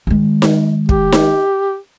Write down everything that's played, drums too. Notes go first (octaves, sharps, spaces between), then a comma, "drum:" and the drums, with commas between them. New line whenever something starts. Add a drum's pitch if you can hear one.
D#3 G#3
drum: snare D#4
G4, drum: kick
drum: snare D#4